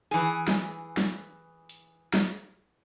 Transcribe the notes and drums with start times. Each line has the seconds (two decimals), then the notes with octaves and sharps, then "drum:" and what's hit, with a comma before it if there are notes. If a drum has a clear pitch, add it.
0.11 E3 G#4
0.48 drum: snare
0.97 drum: snare
1.69 drum: hi-hat
2.14 drum: snare